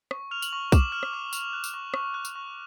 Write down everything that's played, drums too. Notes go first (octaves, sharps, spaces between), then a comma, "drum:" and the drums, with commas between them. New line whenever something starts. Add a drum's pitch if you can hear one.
C#6, drum: rim click
F6 F7
F#7, drum: tambourine
C#6
D6 E7, drum: kick, tambourine
F6
drum: rim click
D6
C#6 F7, drum: tambourine
F#6
drum: tambourine
C#6
C#6, drum: rim click
F#6
drum: tambourine
C#6